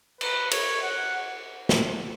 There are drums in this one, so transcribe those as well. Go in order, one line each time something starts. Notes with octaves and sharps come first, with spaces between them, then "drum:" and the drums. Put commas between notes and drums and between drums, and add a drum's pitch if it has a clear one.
B4, drum: cymbal
C#5, drum: cymbal
F#5
drum: snare